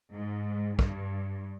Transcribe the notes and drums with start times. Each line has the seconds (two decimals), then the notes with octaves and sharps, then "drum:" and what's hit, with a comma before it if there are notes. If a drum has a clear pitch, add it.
0.13 G#2
0.79 G2, drum: kick